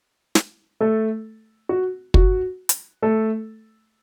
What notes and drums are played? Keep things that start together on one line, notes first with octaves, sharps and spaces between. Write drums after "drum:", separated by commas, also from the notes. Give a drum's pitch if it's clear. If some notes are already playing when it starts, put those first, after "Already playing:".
drum: snare
A3 A4
F#4
F#4, drum: kick
drum: hi-hat
A3 A4